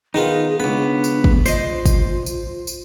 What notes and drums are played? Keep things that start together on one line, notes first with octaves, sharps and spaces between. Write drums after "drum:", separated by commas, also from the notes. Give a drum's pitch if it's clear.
D#3 B3 D#4 F4 G#4
C#2 B3 D4 B5
drum: tambourine
A3, drum: kick
F4 C5 D5 D#5, drum: tambourine
drum: kick, tambourine
drum: tambourine
drum: tambourine